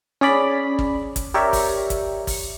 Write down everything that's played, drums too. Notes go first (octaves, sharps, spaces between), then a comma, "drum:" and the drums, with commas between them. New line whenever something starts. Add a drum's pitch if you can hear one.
C#4 G#4 D5 B5
drum: kick G#1
drum: kick G#1, hi-hat
G4 A#4 C#5 D5 E5
drum: kick G#1, open hi-hat
drum: kick G#1, hi-hat
drum: kick G#1, open hi-hat